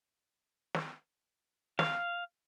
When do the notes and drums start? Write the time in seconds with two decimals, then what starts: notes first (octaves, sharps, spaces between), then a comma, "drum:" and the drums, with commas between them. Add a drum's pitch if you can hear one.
0.74 drum: snare
1.79 F5, drum: snare